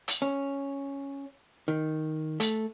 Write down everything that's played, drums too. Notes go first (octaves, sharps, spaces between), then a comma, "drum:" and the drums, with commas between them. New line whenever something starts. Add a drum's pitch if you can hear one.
drum: hi-hat
C#4
D#3
A3, drum: hi-hat